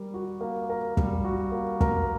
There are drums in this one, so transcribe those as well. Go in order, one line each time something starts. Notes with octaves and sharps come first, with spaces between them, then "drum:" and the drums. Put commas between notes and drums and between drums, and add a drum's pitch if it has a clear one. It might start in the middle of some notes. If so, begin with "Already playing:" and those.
Already playing: G3 A#4
F#4
A#3
A#4
G3, drum: kick
F#4
A#3
A#4, drum: kick